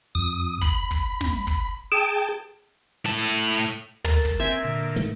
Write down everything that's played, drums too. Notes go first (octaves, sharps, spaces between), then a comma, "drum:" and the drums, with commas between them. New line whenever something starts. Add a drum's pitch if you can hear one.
F2 D#6
B5, drum: kick
drum: kick
drum: snare
drum: kick
G#4 G5 A5
drum: hi-hat
A2 A5
A4 A#4, drum: tom
drum: kick
C4 E5 G#5
A#2 D3
G#2 D#3 A3